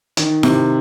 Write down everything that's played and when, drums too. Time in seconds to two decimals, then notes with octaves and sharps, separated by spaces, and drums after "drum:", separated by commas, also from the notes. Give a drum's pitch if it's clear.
0.17 D#3, drum: hi-hat
0.43 C3, drum: snare E4